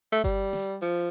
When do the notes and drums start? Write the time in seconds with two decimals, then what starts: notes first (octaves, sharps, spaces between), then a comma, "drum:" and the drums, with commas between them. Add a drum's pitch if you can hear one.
0.12 A3
0.24 G3, drum: kick G1, hi-hat
0.53 drum: snare
0.82 F3, drum: hi-hat